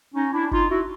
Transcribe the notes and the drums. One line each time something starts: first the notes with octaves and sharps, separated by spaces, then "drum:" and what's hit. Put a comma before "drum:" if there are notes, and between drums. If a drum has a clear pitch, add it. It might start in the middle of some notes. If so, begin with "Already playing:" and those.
C#4 D#4
D4 E4
D#4 F4, drum: kick F#1
E4 F#4